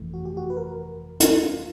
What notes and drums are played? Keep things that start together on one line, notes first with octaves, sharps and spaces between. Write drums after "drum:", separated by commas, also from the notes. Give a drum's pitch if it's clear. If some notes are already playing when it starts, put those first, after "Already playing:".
Already playing: G1 F2 C3 E3 A3
F#4
G4
F#4
B4
A#4
drum: hi-hat
F4